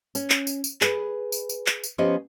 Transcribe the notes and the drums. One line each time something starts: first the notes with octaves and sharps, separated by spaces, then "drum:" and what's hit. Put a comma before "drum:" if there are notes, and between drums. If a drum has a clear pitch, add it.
C#4, drum: tambourine
drum: clap
drum: tambourine
drum: tambourine
G#4 B4, drum: clap
drum: tambourine
drum: tambourine
drum: clap
drum: tambourine
F3 B3 C#4 G4 C5 D#5